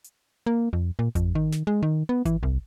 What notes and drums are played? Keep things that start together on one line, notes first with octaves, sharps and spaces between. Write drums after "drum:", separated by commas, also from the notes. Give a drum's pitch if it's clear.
drum: hi-hat
A#3
F2
A#2
F2, drum: kick G#1, hi-hat
D#3
drum: snare
G#3
D#3
B3
E3, drum: kick G#1, hi-hat
C2